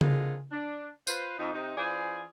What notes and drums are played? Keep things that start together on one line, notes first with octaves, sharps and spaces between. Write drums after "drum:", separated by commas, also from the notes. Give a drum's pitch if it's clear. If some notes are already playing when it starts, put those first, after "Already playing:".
D3 G#3 C4 F4 G#4 A#4, drum: tom C#3
D4
F4 B4 C5, drum: tambourine
F2 D#4
C3 D#4
E3 C#4 F4 G#4 C5 D5